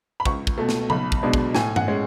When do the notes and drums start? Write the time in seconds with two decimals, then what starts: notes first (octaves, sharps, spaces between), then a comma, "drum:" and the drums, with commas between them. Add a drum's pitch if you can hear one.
0.20 B5
0.25 C#2 C#6, drum: kick
0.47 drum: kick
0.58 B2 A3
0.69 drum: snare
0.90 B1 B5, drum: tom C#3
1.12 drum: kick
1.23 B2 G#3 D4
1.33 drum: kick
1.55 A2 G#5, drum: snare
1.76 F#5, drum: tom G2
1.88 G#3 C#4